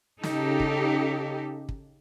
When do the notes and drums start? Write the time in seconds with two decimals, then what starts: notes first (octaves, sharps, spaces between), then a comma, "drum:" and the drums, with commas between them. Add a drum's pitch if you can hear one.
0.23 C#3 D#4 G4 A4, drum: snare
0.60 drum: kick
1.69 drum: kick